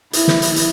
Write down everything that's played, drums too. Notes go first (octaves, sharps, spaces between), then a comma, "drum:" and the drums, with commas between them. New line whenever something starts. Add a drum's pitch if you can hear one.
E4, drum: hi-hat
drum: snare
drum: hi-hat
drum: hi-hat